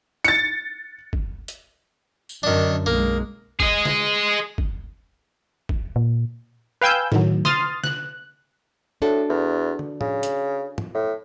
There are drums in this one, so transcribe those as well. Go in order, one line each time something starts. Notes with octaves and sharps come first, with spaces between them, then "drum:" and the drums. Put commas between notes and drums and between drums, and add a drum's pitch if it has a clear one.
A6 C#7, drum: hi-hat
drum: kick
drum: hi-hat
drum: tambourine
F#2 D3 D#3 D4
B1 G#3 A#3
G#4 D#5, drum: kick
drum: snare
drum: kick
drum: kick
A#2
B4 F5 G5 G#5 E6 G6
A2 D#3 F#3, drum: snare
C6 D#6 F6 A6, drum: snare
F#6, drum: snare
A2 D4 F#4 A4
E2
drum: tom
C#3, drum: tom A2
drum: hi-hat
drum: tom
A2